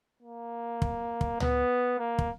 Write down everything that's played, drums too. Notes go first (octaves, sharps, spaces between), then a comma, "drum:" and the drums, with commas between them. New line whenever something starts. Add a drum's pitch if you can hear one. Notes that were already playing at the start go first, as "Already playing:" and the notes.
A#3
drum: kick
drum: kick
B3, drum: tom C#2
A#3
drum: kick